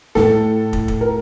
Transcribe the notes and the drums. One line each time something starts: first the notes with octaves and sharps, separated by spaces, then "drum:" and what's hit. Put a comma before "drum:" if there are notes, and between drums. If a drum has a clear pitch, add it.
A2 A3 A4, drum: snare
drum: kick
drum: kick
A#4